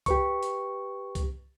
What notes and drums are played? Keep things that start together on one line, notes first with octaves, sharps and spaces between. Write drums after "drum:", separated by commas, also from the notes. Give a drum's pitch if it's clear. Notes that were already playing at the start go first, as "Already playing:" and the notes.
G4 B4 C#6, drum: kick, hi-hat
drum: hi-hat
drum: kick, hi-hat